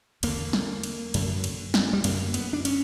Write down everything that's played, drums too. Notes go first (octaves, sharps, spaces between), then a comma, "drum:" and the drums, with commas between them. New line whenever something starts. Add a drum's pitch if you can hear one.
E2 D3 A#3, drum: cymbal
drum: snare
drum: cymbal
F#2 D3, drum: cymbal
drum: cymbal
drum: snare
G3
F#2 D3 A#3, drum: cymbal
B3, drum: cymbal
D4
C#4, drum: cymbal